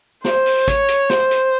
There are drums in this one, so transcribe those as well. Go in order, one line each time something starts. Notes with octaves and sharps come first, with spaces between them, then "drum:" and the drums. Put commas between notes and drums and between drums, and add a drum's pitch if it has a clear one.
C5, drum: snare
drum: open hi-hat
C#5, drum: kick, hi-hat
drum: hi-hat
C5, drum: snare
drum: hi-hat